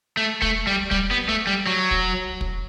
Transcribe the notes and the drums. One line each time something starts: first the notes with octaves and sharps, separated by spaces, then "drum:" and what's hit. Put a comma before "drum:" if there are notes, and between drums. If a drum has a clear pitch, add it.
A3
A3, drum: kick
G3
G3, drum: kick
B3
A3
G3
F#3
drum: kick
drum: kick